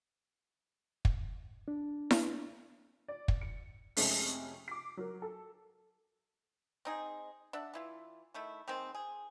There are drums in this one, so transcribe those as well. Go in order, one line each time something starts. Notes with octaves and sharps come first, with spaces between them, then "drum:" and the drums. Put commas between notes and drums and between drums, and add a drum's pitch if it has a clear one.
drum: kick
D4
drum: snare E4
D5
drum: kick
C#7
F2 C3 G#3 A3 C#4 B6, drum: open hi-hat
D6 C7
F#3 A#4
A4
C4 D#4 G#4
D4 E5 F#5
E3 E4 F4
D#3 A3 E4
D#3 G#3 A#3 C4
G#4